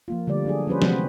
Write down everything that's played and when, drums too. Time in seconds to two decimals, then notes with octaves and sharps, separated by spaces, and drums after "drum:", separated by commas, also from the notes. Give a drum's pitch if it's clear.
0.08 F3 A#3 F4
0.27 D3 G3 A3 D5
0.45 F#3 D4 G#4
0.67 F3 G3 C#4 B4 C5
0.82 C3 E3 G#3 B3 C4 F#4, drum: snare